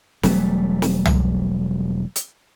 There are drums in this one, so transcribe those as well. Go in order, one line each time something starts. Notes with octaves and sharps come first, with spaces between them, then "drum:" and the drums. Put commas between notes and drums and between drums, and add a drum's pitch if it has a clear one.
E1 F#3 G3 A3, drum: snare
drum: snare
drum: tom
drum: hi-hat